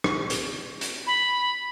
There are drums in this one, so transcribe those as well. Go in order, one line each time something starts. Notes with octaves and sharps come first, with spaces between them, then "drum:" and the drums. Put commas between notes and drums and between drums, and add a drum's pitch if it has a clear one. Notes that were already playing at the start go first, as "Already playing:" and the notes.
drum: rim click
drum: hi-hat
drum: hi-hat
B5